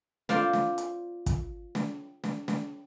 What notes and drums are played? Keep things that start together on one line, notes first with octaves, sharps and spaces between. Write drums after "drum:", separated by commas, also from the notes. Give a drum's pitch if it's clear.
F4 C5 D5 F5, drum: snare
drum: snare
drum: hi-hat
drum: kick, hi-hat
drum: snare
drum: snare
drum: snare